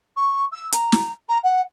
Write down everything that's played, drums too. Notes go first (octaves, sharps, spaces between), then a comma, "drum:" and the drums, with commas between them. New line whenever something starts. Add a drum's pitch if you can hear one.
C#6
E6
A#5, drum: hi-hat
drum: snare
A#5
F#5